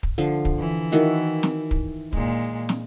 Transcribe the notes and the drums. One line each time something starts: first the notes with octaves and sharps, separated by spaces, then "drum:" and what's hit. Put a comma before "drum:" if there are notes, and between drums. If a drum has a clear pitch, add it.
drum: kick
D3 F3
drum: kick
E3
D#3 E4 F#4
drum: snare
drum: kick
A#2 G#3, drum: kick
drum: snare